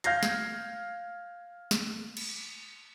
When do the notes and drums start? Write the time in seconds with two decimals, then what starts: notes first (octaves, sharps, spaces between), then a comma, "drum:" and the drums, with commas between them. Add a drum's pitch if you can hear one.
0.04 F5 F6 G6 G#6 A#6 C7, drum: hi-hat
0.23 drum: snare
1.71 drum: snare
2.17 drum: cymbal